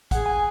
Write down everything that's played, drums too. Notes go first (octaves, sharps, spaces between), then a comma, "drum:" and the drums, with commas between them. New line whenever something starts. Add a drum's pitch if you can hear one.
G#4 F#5, drum: kick, hi-hat
G#5